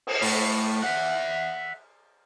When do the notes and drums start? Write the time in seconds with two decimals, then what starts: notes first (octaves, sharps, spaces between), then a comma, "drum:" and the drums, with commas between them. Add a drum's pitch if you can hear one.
0.07 drum: cymbal
0.22 A2, drum: open hi-hat
0.83 E5 F#5